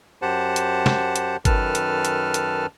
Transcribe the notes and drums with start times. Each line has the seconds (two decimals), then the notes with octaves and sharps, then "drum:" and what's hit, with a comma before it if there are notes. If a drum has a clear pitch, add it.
0.22 F#2 G4 C5 F#5 A5
0.56 drum: hi-hat
0.86 drum: snare
1.16 drum: hi-hat
1.45 F#2 D#3 A4 B4 A5 F6, drum: kick G1, hi-hat
1.75 drum: hi-hat
2.05 drum: hi-hat
2.34 drum: hi-hat